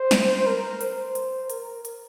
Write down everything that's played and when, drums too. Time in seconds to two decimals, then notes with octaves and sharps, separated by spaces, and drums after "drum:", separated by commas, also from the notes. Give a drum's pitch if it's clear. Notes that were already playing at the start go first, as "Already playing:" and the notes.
Already playing: C5
0.11 drum: snare
0.46 A#4
0.81 C5, drum: hi-hat
1.15 drum: hi-hat
1.50 A#4, drum: hi-hat
1.85 drum: hi-hat